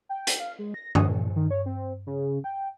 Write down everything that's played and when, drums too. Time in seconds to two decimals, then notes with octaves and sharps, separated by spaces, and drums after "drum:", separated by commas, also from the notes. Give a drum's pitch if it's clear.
0.09 G5
0.27 drum: hi-hat
0.40 F5
0.59 G#3
0.74 A#6
0.95 D#6, drum: tom
1.08 A#2
1.36 D#3
1.51 C#5
1.66 C4
2.06 C#3
2.44 G5